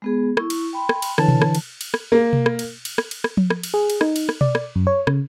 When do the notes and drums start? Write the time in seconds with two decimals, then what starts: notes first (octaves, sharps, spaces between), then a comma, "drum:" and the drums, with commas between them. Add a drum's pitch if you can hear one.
0.02 G#3 B3 G#4
0.37 E4 C#6, drum: rim click
0.50 drum: cymbal
0.73 G5 B5 C6
0.89 drum: rim click
1.02 drum: cymbal
1.18 D3 E3 C#5 A5, drum: rim click
1.28 drum: tom B2
1.42 drum: rim click
1.55 drum: cymbal
1.81 drum: cymbal
1.94 drum: rim click
2.12 A#3
2.33 drum: tom B2
2.46 drum: rim click
2.59 drum: cymbal
2.85 drum: cymbal
2.98 drum: rim click
3.11 drum: cymbal
3.24 drum: rim click
3.37 drum: tom F3
3.50 drum: rim click
3.63 drum: cymbal
3.74 G#4
3.90 drum: cymbal
4.01 D#4, drum: rim click
4.16 drum: cymbal
4.29 drum: rim click
4.41 D5, drum: tom B2
4.55 drum: rim click
4.75 F#2
4.87 C#5
5.07 C#3, drum: rim click